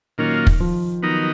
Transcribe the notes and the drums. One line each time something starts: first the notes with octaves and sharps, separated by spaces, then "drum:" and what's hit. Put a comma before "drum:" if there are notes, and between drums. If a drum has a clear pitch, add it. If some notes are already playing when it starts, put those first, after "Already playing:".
A#2 D#3 F#3 A#3 C#4 F4
drum: kick
F3
D#3 F#3 B3 D#4 A#4